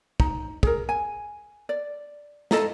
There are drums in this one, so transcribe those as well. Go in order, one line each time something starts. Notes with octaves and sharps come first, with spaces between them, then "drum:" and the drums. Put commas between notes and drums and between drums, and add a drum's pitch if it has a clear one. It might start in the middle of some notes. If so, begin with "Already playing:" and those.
D#4, drum: kick
G#4 A#4, drum: kick
G#5
D5
D#4 F4 A4 D#5, drum: snare